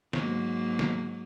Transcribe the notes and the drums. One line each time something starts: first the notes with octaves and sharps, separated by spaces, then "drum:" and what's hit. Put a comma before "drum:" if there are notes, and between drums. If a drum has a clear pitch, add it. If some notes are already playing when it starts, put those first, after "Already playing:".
G#2 F#3 A#3, drum: snare
drum: snare